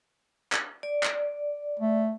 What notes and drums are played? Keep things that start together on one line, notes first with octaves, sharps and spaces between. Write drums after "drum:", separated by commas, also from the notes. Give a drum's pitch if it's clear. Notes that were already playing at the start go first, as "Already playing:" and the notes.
drum: clap
D5
drum: clap
A3